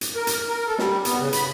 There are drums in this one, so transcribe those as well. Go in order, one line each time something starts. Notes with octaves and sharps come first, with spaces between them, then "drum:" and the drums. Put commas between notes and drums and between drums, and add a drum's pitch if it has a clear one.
drum: hi-hat
A#4
drum: hi-hat
A#4
A4
G3, drum: snare
B3, drum: hi-hat
C#3
B5, drum: hi-hat